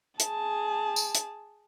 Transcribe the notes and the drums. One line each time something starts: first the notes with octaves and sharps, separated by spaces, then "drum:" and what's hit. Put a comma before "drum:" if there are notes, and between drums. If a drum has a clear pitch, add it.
G#4 A5, drum: hi-hat
drum: tambourine
drum: hi-hat